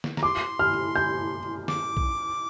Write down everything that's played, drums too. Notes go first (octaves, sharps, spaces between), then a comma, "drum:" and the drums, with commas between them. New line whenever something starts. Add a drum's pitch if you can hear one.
drum: snare
A#5, drum: snare
C6 D6
F6
G6
D6, drum: snare
drum: kick A#1